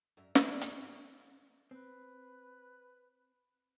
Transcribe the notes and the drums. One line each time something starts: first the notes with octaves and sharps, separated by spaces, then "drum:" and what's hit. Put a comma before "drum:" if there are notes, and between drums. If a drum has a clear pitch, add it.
F#2 A#4 E5
D3 F3 G3, drum: snare
E4 B4, drum: hi-hat
F#3 C#4 E5
C4 B4